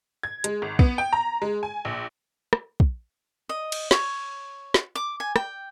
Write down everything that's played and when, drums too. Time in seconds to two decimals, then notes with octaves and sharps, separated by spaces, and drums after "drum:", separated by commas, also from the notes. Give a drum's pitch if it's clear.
0.23 G#6
0.44 G#3, drum: hi-hat
0.62 G#1
0.79 B3, drum: kick
0.98 G5
1.13 A#5
1.42 G#3
1.63 G#5
1.85 A#1
2.53 drum: rim click
2.80 drum: kick
3.49 D#5
3.72 drum: cymbal
3.91 C#5, drum: snare
4.74 drum: snare
4.95 D6
5.20 G#5
5.36 G5, drum: rim click